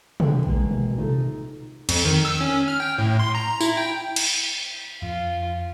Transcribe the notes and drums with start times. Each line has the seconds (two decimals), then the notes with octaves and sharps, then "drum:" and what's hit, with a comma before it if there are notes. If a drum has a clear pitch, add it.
0.20 D3 G5, drum: tom
0.47 A#1 E3 G#3 A#3
0.71 B2
0.98 C3 D#4 F4 A4
1.89 F2, drum: cymbal
2.05 D#3
2.25 E6
2.41 C#4
2.68 F6
2.80 G5
2.98 A2
3.19 C6
3.35 A#5
3.61 E4, drum: tambourine
3.77 G5
4.16 drum: cymbal
5.02 F2 F4